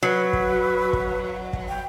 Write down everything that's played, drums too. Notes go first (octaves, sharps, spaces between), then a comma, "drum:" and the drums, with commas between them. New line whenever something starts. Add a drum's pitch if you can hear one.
F#3 B4
drum: kick
drum: kick
drum: kick
G5